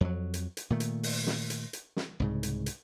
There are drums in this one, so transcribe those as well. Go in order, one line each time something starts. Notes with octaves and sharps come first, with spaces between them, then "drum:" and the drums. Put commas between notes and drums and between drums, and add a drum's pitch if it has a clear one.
F2 F#3
drum: hi-hat
drum: hi-hat
A#2 D#3 A3
drum: hi-hat
drum: open hi-hat
drum: snare
drum: hi-hat
drum: hi-hat
drum: snare
C2 G#2 C#3
drum: hi-hat
drum: hi-hat